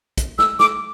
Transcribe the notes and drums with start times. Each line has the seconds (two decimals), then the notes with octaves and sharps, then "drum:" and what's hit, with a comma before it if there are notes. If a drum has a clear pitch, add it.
0.17 drum: kick, hi-hat
0.39 E6, drum: snare
0.59 D6, drum: snare